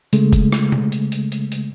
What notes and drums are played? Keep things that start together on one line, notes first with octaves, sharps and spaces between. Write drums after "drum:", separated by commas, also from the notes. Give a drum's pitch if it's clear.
C#3 G#3 A3, drum: hi-hat
drum: kick F1, hi-hat
drum: rim click
drum: tom B2
drum: hi-hat
drum: hi-hat
drum: hi-hat
drum: hi-hat